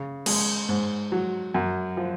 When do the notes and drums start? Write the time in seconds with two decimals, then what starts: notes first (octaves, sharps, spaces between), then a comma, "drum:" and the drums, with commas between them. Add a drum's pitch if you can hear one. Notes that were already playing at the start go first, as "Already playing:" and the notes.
Already playing: C#3
0.26 G#3, drum: cymbal
0.69 G#2
1.12 F#3
1.54 F#2
1.97 F3